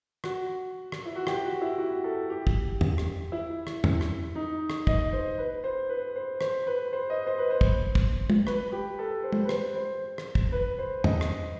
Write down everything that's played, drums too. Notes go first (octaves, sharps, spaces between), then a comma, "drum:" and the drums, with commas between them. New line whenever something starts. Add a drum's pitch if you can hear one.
F#4, drum: rim click
drum: rim click
E4
F#4
G4, drum: rim click
F#4
E4
F#4
A4
G4
drum: kick
drum: tom E2
drum: rim click
E4
drum: rim click
drum: tom E2
drum: rim click
D#4
drum: rim click
D#5, drum: kick
C5
B4
C5
B4
C5
C5, drum: rim click
B4
C5
D#5
C5
B4
C5
drum: kick
drum: kick
drum: tom
B4, drum: rim click
G4
A4
C5
drum: tom
B4
C5, drum: rim click
C5
drum: rim click
drum: kick
B4
C5
D#5, drum: tom E2
drum: rim click